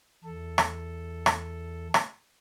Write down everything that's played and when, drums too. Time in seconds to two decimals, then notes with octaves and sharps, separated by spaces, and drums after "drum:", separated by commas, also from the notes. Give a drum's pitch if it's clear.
0.24 E2 A4
0.58 drum: rim click
1.26 drum: rim click
1.94 drum: rim click